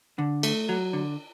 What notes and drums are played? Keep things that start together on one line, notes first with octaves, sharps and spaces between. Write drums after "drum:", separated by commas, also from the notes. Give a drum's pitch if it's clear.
D3
A3, drum: cymbal
F#3
D3